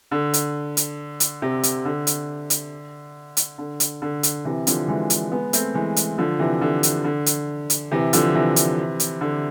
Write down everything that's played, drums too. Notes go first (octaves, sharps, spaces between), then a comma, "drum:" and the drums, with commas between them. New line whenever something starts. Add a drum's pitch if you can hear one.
D3
drum: hi-hat
drum: hi-hat
drum: hi-hat
C3
drum: hi-hat
D3
drum: hi-hat
drum: hi-hat
drum: hi-hat
D3
drum: hi-hat
D3
drum: hi-hat
C3 E3
D3 F3, drum: hi-hat
E3 G#3
drum: hi-hat
G#3 B3
A3 C4, drum: hi-hat
E3 G#3
drum: hi-hat
D3 F3
C3 E3
D3
drum: hi-hat
D3
drum: hi-hat
drum: hi-hat
C3 E3
D3 F3, drum: hi-hat
C3 E3
drum: hi-hat
drum: hi-hat
D3